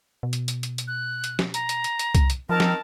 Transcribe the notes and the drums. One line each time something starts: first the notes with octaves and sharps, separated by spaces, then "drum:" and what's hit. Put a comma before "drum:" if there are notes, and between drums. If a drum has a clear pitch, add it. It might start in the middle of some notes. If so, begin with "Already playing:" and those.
B2
drum: hi-hat
drum: hi-hat
drum: hi-hat
drum: hi-hat
F#6
drum: hi-hat
drum: snare
A#5, drum: hi-hat
drum: hi-hat
drum: hi-hat
drum: hi-hat
drum: kick C2, hi-hat
drum: hi-hat
D#3 F3 C4 A#4 A5
drum: snare